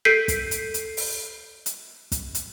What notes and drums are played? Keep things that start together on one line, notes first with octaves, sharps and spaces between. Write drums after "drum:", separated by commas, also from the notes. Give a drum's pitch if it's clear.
A4 G6 B6 C7 D7 D#7
drum: kick, hi-hat
drum: hi-hat
drum: hi-hat
drum: open hi-hat
drum: hi-hat
drum: kick, hi-hat
drum: hi-hat